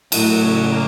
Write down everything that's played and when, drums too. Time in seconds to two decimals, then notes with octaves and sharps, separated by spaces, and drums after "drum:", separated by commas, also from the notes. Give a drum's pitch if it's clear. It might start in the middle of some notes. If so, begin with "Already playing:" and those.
0.12 A2 F#3, drum: cymbal
0.42 C#3
0.72 A#3